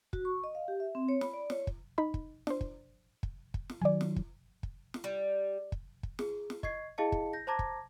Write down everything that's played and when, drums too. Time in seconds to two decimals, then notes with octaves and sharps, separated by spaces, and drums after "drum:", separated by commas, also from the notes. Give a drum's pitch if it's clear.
0.13 F#4, drum: kick
0.25 C#6
0.44 D#5
0.55 F5
0.68 G4
0.80 E5
0.95 C4
1.09 C#5
1.21 B5, drum: snare
1.34 D5
1.50 C#5, drum: snare
1.67 drum: kick
1.98 D#4 B5
2.14 drum: kick
2.47 D4 C5, drum: snare
2.61 drum: kick
3.23 drum: kick
3.54 drum: kick
3.70 drum: snare
3.82 D#3 F#3 D5 G#5
4.01 drum: snare
4.16 drum: kick
4.63 drum: kick
4.94 drum: snare
5.04 G3
5.72 drum: kick
6.03 drum: kick
6.19 G#4, drum: snare
6.50 drum: snare
6.63 D#5 C#6 G#6 C7, drum: kick
6.98 E4 G#4 D#5 F5 A5 C#7
7.12 drum: kick
7.33 G6 A#6
7.47 C5 A5 A#5 D6 G#6 A#6
7.59 drum: kick